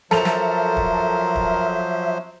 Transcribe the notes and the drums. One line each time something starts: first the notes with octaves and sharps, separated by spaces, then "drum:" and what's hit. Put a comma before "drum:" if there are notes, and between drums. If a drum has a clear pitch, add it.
F3 F#3 A4 A#4 C5 E5 F7, drum: snare
drum: snare
drum: kick
drum: kick